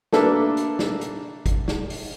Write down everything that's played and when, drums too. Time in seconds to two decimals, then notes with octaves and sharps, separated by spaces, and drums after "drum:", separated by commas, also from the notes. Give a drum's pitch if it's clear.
0.13 A3 A#3 D4 A4 B4 E5, drum: snare
0.57 drum: hi-hat
0.79 drum: snare
1.01 drum: hi-hat
1.46 drum: kick, hi-hat
1.68 drum: snare
1.90 drum: open hi-hat